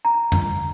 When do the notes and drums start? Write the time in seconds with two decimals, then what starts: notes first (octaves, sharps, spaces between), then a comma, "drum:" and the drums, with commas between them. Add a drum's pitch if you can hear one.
0.05 A#5
0.32 drum: tom F#2